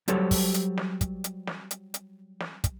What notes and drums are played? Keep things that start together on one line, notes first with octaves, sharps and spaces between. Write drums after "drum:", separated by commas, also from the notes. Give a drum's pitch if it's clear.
F#3 G3 G4 A4 C5 C#5, drum: hi-hat
drum: kick, open hi-hat
drum: hi-hat
drum: snare
drum: kick, hi-hat
drum: hi-hat
drum: snare
drum: hi-hat
drum: hi-hat
drum: snare
drum: kick, hi-hat